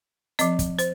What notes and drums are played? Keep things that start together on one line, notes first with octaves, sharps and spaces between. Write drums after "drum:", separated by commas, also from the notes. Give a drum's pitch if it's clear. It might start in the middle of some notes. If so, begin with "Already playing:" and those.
F3 C4 D#5, drum: hi-hat
drum: kick, hi-hat
C5, drum: hi-hat